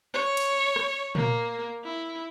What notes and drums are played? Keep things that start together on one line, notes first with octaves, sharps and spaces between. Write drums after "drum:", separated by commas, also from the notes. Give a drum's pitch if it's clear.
C#5
drum: cymbal
drum: rim click
A#3, drum: tom A#2
E4